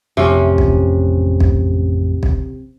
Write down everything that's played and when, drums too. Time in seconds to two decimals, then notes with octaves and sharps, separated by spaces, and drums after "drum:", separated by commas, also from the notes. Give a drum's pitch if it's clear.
0.17 A1 F2 C3 F3 C#4
0.58 drum: kick B1
1.40 drum: kick B1
2.23 drum: kick B1